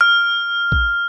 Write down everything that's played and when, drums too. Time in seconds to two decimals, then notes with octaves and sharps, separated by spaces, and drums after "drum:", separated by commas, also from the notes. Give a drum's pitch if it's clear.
0.01 F6
0.72 drum: kick A#1